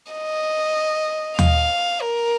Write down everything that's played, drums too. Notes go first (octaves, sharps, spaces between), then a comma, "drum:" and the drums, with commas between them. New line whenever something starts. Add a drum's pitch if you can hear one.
D#5
F5, drum: tom D#2
A#4